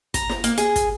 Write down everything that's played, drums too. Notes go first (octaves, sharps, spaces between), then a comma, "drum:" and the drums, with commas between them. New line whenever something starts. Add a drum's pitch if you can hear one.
A#5, drum: kick, hi-hat
drum: snare
A#3, drum: hi-hat
G#4, drum: hi-hat
drum: kick, hi-hat